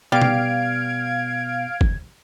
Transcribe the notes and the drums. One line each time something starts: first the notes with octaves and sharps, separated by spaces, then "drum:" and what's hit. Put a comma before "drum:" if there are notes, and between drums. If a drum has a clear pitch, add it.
B2 G3 B3 F5 F6 G#6 D7
drum: tom B2
drum: kick F#1